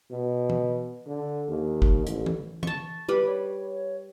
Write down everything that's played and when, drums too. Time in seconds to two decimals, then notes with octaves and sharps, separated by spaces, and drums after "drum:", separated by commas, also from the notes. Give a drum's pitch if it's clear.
0.11 B2
0.50 drum: tom
1.07 D3
1.48 D#2
1.82 drum: kick
2.07 A1, drum: hi-hat
2.26 drum: tom
2.63 A5 C#6, drum: tom
3.08 G3 B4 D6
3.27 C#5